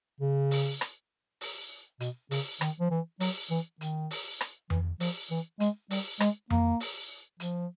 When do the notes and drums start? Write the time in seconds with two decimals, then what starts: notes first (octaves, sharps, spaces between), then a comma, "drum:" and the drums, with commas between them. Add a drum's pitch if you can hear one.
0.21 C#3
0.51 drum: open hi-hat
0.81 drum: rim click
1.41 drum: open hi-hat
2.00 B2, drum: hi-hat
2.31 C#3, drum: open hi-hat
2.61 D#3, drum: rim click
2.80 F3
2.91 E3
3.20 F#3, drum: open hi-hat
3.51 E3
3.81 D#3, drum: hi-hat
4.11 drum: open hi-hat
4.41 drum: rim click
4.70 E3, drum: tom F2
5.00 F3, drum: open hi-hat
5.31 E3
5.60 G#3, drum: hi-hat
5.90 G3, drum: open hi-hat
6.20 G#3, drum: rim click
6.50 A#3, drum: tom F2
6.80 drum: open hi-hat
7.40 F3, drum: hi-hat